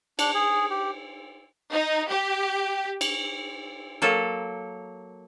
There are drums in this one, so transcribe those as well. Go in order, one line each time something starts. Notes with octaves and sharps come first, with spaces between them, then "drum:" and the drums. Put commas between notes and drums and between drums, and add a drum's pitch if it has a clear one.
D4, drum: cymbal
G#4
G4
D#4
G4
drum: cymbal
F#3 A#3 A4